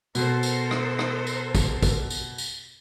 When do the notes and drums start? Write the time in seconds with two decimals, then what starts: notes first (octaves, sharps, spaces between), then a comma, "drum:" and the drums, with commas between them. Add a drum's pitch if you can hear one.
0.15 B2 A4 A#4 C5, drum: tambourine
0.43 drum: tambourine
0.71 drum: rim click
0.99 drum: rim click
1.27 drum: tambourine
1.55 drum: kick, tambourine
1.83 drum: kick, tambourine
2.10 drum: tambourine
2.38 drum: tambourine